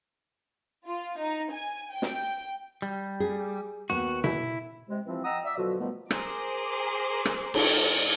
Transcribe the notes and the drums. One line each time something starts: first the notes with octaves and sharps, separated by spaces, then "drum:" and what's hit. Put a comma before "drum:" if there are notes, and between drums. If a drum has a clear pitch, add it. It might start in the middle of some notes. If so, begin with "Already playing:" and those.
F4
D#4
G#5
G5
drum: snare
G3
G#4
D#2 B3 F#4
E4, drum: tom B2
C3 G#3
E3 F3 C4
D#5 F#5 G5 A#5 D#6 E6
D5 E5
B2 D3 F3 F#3 F#4
B2 D#3 F3 G3 A3 B3
G#4 A#4 C5 D6, drum: rim click
drum: rim click
drum: cymbal